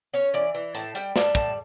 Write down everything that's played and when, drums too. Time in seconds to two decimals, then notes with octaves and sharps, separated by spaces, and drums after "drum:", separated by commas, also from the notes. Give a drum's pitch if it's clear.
0.13 C#4 C#5
0.34 E3 D5
0.55 E3
0.75 A2 A5, drum: hi-hat
0.95 G3 G5, drum: hi-hat
1.16 G3 A5, drum: snare
1.35 A2 A5, drum: kick, hi-hat